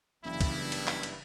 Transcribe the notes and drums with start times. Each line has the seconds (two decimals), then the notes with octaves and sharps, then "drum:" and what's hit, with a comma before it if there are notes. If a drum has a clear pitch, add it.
0.25 F#1 G2 C#3 E3 E4
0.41 drum: kick, cymbal
0.72 drum: cymbal
0.88 drum: clap
1.03 drum: cymbal